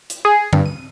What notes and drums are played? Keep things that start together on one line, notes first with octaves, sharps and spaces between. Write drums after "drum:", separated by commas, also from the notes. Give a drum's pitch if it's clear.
drum: hi-hat
G#4
G2, drum: tom D3
D#7